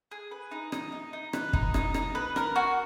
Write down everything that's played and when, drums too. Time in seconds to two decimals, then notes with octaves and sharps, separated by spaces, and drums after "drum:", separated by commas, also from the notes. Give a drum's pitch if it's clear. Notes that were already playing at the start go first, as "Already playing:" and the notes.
0.11 G#4
0.31 B4
0.51 D#4
0.72 D#4, drum: rim click
0.92 D#4
1.13 D#4
1.33 B4, drum: rim click
1.53 D#4, drum: kick
1.74 D#4, drum: rim click
1.94 D#4, drum: rim click
2.15 B4
2.36 A#4, drum: rim click
2.56 F#4